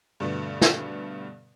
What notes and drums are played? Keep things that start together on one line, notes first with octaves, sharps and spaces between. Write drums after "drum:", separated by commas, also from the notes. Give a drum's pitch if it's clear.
G2 B2 D3 A3 B3
drum: snare